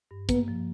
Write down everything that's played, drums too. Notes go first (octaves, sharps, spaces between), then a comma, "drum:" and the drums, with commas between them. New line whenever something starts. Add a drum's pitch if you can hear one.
G2
A#3 B3, drum: kick, hi-hat
F3